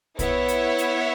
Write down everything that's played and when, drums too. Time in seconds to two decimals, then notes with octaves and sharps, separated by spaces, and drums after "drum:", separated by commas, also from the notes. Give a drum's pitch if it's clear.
0.19 B3 E4 C#5 E5, drum: kick, hi-hat
0.48 drum: hi-hat
0.78 drum: hi-hat